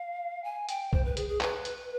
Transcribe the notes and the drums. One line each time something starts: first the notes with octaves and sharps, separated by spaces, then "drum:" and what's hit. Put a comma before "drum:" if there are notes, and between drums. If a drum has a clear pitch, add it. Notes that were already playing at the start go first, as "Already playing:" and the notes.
Already playing: F5
G#5
G5, drum: hi-hat
C5, drum: kick C2
B4
G#4, drum: hi-hat
G#4
B4, drum: clap
drum: hi-hat